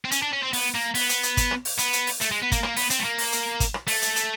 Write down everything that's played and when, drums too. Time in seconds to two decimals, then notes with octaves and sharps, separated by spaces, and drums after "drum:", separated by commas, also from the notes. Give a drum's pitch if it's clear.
0.05 C4
0.11 C#4, drum: hi-hat
0.22 D4
0.33 C#4
0.43 C4
0.53 B3, drum: open hi-hat
0.75 A#3
0.95 B3, drum: open hi-hat
1.09 drum: hi-hat
1.23 drum: hi-hat
1.37 drum: kick, hi-hat
1.51 drum: rim click
1.65 drum: open hi-hat
1.78 B3, drum: hi-hat
1.93 drum: hi-hat
2.07 drum: open hi-hat
2.21 A3, drum: hi-hat
2.31 G#3
2.42 B3
2.52 A#3, drum: kick, hi-hat
2.63 A#3, drum: rim click
2.76 B3, drum: open hi-hat
2.90 C4, drum: hi-hat
2.99 A3
3.04 A#3
3.18 drum: open hi-hat
3.32 drum: hi-hat
3.60 drum: kick, hi-hat
3.74 drum: rim click
3.88 A3, drum: open hi-hat
4.02 drum: hi-hat
4.16 drum: hi-hat